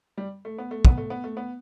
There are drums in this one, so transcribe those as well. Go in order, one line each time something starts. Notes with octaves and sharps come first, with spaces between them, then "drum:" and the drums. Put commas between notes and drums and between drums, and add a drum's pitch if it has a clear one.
G3
A3
B3
A3
B3, drum: kick
A3
B3
A3
B3